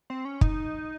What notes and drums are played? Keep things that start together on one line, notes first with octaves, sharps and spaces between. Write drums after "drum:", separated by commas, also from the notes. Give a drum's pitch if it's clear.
C4
C#4
D#4, drum: kick